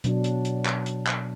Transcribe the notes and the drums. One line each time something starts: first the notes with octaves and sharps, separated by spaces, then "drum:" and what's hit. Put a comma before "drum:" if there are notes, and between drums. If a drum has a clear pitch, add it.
B2 F#3 D4, drum: hi-hat
drum: hi-hat
drum: hi-hat
drum: clap
drum: hi-hat
drum: clap